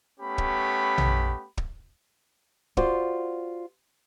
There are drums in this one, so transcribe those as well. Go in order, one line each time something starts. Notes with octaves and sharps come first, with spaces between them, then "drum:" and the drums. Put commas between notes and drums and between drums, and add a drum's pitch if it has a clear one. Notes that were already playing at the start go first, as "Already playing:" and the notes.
A3 B3 C#4 G4 B5
drum: kick
drum: tom A#1
drum: kick
F4 F#4 C5 D5, drum: kick